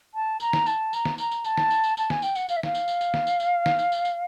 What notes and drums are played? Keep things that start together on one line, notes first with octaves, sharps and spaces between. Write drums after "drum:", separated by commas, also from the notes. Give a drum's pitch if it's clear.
A5
A#5, drum: tambourine
drum: snare
A5, drum: tambourine
A#5, drum: tambourine
drum: snare
A#5, drum: tambourine
drum: tambourine
A5, drum: tambourine
drum: snare
drum: tambourine
drum: tambourine
A5, drum: tambourine
G#5, drum: snare
G5, drum: tambourine
F#5, drum: tambourine
F5, drum: tambourine
E5
F5, drum: snare
drum: tambourine
drum: tambourine
drum: tambourine
drum: snare
drum: tambourine
drum: tambourine
drum: snare
drum: tambourine
drum: tambourine
drum: tambourine